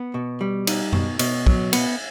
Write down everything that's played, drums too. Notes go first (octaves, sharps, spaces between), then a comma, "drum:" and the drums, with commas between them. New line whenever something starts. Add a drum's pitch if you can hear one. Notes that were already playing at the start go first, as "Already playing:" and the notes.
Already playing: B3
B2
G3
D#4, drum: cymbal
B2, drum: tom F#2
B2, drum: cymbal
F#3, drum: kick
B3, drum: cymbal